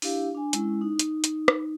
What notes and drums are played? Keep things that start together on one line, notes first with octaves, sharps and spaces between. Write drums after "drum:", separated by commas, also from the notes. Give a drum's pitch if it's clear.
D4 E4 G4 F5, drum: open hi-hat
D4 G#5
G#3 C#4 E4, drum: hi-hat
D#4
drum: hi-hat
drum: hi-hat
drum: rim click